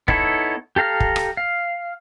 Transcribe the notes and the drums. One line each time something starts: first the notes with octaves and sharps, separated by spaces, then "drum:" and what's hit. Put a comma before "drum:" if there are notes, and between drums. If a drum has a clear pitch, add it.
B3 D#4 E4 A4 C#5, drum: kick
G4 A4 F5 A#5 F6
drum: kick
drum: rim click
F5